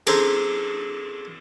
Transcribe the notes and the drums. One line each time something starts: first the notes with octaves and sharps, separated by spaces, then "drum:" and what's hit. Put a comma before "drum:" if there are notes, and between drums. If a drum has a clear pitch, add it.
G#4 A4 C5 A#5, drum: cymbal